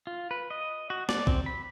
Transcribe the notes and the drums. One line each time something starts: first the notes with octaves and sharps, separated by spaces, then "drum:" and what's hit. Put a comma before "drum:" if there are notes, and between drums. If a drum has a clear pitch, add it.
F4
B4
D#5
F#4
D5, drum: snare
C4, drum: kick A#1
B5